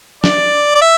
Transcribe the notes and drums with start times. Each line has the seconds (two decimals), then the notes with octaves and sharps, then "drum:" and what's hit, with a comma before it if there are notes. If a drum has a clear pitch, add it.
0.24 D5, drum: snare
0.75 D5
0.82 E5